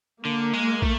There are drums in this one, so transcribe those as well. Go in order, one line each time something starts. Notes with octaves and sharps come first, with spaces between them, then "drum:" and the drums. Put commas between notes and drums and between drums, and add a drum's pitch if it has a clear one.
D3 A#3
G#3
A3, drum: kick